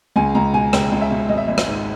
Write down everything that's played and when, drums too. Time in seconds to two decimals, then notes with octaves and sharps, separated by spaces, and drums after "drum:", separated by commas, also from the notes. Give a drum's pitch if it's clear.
0.16 C#2 G#5
0.35 C#2 A#5
0.53 B2 G#5
0.73 C#2 G5, drum: rim click
0.92 C#2
1.01 E5
1.11 B2
1.29 G#1 D#5
1.37 E5
1.46 G#1 D#5
1.58 drum: rim click
1.68 G#2